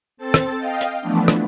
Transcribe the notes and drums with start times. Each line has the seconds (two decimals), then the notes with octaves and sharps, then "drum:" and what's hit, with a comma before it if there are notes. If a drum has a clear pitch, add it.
0.17 C4 A4 A6
0.34 drum: rim click
0.58 D#5 F5 G5
0.81 drum: hi-hat
1.00 E3 F3 A3 B3 D4
1.28 drum: rim click